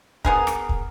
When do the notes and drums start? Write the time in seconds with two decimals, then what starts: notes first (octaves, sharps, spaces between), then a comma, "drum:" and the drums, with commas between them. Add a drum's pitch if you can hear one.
0.25 B3 G#4 A#4, drum: kick
0.47 drum: rim click
0.69 drum: kick